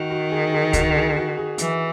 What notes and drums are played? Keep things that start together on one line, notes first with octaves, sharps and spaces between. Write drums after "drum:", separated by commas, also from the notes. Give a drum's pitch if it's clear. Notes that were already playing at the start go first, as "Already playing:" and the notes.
Already playing: D#3 F#4
F#4
G#4
G#4
F#4, drum: kick C#2, hi-hat
G#4
F#4
G#4
E3, drum: hi-hat